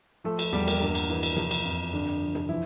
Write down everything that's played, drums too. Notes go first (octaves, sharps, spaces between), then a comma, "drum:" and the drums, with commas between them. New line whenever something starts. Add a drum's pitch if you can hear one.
F3 A3 A4
drum: cymbal
E2 G3 G4
A#3, drum: cymbal
G2 A#3
drum: cymbal
E3
drum: cymbal
F3, drum: tom C3
drum: cymbal
F2
G2 D3 D4
F3
drum: tom C3
E3 F3 E4